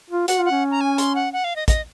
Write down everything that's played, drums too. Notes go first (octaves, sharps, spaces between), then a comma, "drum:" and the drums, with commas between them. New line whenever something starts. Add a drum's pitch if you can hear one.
F4
F#4 F#5, drum: hi-hat
F4
F#5
C#4
A#5
G#5
C6, drum: hi-hat
F#5
F#5
F5
D#5
D#5, drum: kick, hi-hat